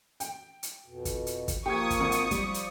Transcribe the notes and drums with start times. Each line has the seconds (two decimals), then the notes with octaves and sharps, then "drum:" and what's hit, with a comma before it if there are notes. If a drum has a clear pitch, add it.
0.20 G5, drum: hi-hat
0.63 drum: hi-hat
0.86 F2 B2
1.05 drum: kick, hi-hat
1.27 drum: hi-hat
1.48 drum: kick, hi-hat
1.66 F3 A#3 G4 C#6 D#6 G#6
1.90 drum: kick, hi-hat
2.00 G#1
2.12 drum: hi-hat
2.31 F3 G3 D5, drum: kick, hi-hat
2.54 drum: hi-hat